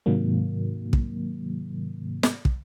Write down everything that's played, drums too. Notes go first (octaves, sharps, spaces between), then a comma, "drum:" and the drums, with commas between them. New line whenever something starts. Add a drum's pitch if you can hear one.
G#2 C3 D#3 F#3 A#3
drum: kick
drum: snare
drum: kick